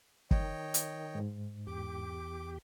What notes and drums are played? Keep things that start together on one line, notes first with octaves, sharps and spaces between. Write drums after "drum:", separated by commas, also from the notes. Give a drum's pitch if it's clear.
D#3 C#5 D#5 G5, drum: kick
drum: hi-hat
G#2
E2 G4 D6